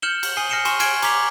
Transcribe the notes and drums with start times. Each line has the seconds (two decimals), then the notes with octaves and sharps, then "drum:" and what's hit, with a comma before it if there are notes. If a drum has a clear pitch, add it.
0.02 F6 G6 C#7 E7 F#7 G7
0.23 drum: cymbal
0.37 G#5 D#6 C7 G7
0.49 F6 A#6 C7 C#7 E7 G7
0.65 G#5 C6 C#6 E7, drum: cymbal
0.80 G#5 F6 G#6 C7 D7 E7, drum: cymbal
1.02 A#5 D6 G#6 B6 F7, drum: cymbal